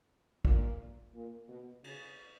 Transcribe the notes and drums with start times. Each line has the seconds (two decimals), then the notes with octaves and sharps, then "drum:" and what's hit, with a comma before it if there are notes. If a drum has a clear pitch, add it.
0.45 A#2, drum: kick
1.14 A#2
1.49 B2
1.84 C#3, drum: cymbal